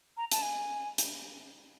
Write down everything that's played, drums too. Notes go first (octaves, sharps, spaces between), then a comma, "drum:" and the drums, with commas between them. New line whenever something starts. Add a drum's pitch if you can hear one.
A#5
A5, drum: hi-hat
G#5
drum: hi-hat